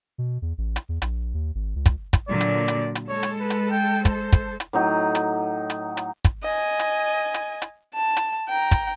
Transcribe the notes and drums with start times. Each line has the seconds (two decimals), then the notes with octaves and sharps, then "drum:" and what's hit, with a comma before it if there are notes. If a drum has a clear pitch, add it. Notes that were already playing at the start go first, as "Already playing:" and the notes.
0.18 B2
0.42 E2
0.58 A1
0.76 drum: hi-hat
0.89 E2
1.02 A#1, drum: hi-hat
1.34 D#2
1.55 G#1
1.76 C#2
1.86 drum: kick, hi-hat
2.13 drum: kick, hi-hat
2.28 A#2 D3 F#3 D5
2.41 drum: hi-hat
2.68 drum: hi-hat
2.95 drum: hi-hat
3.09 G#3 A4 C#5
3.23 drum: hi-hat
3.40 B4
3.50 drum: hi-hat
3.71 G5
4.05 C5, drum: kick, hi-hat
4.33 drum: kick, hi-hat
4.60 drum: hi-hat
4.73 A2 F#3 D#4
5.15 drum: hi-hat
5.70 drum: hi-hat
5.97 drum: hi-hat
6.25 drum: kick, hi-hat
6.44 D#5 G#5
6.79 drum: hi-hat
7.34 drum: hi-hat
7.62 drum: hi-hat
7.94 A5
8.17 drum: hi-hat
8.49 G5 A#5
8.71 drum: kick, hi-hat